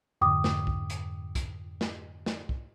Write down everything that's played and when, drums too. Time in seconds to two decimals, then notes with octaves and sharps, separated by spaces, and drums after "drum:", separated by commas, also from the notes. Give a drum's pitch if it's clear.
0.21 F2 G#2 D3 G5 D6 D#6
0.44 drum: snare
0.67 drum: kick
0.90 drum: hi-hat
1.35 drum: kick, hi-hat
1.81 drum: snare
2.26 drum: snare
2.49 drum: kick